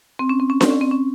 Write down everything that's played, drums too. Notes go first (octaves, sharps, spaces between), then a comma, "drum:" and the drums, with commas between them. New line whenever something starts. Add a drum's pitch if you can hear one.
C4
C#4
C4
C#4
C4, drum: snare D4
C#4
C4
C#4